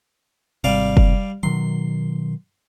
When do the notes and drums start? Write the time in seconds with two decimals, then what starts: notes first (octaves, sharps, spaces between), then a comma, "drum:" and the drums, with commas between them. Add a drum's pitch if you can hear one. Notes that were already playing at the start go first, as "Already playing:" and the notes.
0.64 G#1 C3 G3 D5 F5
0.97 drum: kick
1.43 B2 D#3 F#3 C6